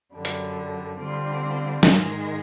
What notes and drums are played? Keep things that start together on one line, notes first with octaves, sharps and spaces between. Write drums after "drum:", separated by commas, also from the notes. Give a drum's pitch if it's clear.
F#2 D3 G3
drum: hi-hat
D3 G3 C4 F4
G#2 D#3 G#3, drum: snare